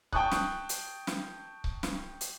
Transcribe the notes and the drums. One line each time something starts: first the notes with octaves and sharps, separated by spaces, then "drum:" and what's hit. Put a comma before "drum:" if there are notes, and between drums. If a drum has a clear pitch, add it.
G5 A5 C#6 D#6 F#6, drum: kick C#1
drum: snare
drum: hi-hat
drum: snare
drum: kick C#1
drum: snare
drum: hi-hat